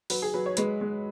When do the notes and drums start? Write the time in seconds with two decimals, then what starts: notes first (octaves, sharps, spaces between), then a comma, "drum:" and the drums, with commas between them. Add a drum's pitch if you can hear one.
0.10 F#3 B4, drum: open hi-hat
0.22 G#4
0.34 F#3 B4
0.46 C#5
0.57 G#3 B4, drum: hi-hat
0.81 G#3